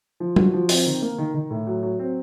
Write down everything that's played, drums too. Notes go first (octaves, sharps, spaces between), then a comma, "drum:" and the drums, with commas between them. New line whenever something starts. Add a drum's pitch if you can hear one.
F3
F#4, drum: tom F#3
F3
C4, drum: open hi-hat
D#3
A#3
D#3
D#3
A2
F#3
F#3
C4